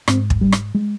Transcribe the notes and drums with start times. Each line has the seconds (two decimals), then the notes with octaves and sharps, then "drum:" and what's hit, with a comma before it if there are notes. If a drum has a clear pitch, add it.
0.08 G#2 C4, drum: rim click
0.30 drum: kick
0.41 G3
0.52 drum: rim click
0.75 G#3